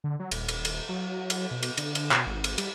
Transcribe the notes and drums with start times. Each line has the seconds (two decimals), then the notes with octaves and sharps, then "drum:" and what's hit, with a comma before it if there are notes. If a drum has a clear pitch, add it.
0.04 D3
0.19 F#3
0.31 D#1, drum: cymbal
0.48 drum: cymbal
0.65 drum: cymbal
0.89 F#3
1.30 drum: cymbal
1.51 B2
1.63 drum: cymbal
1.77 D3, drum: cymbal
1.95 drum: cymbal
2.11 B2, drum: clap
2.27 G#1
2.44 drum: cymbal
2.58 G3, drum: cymbal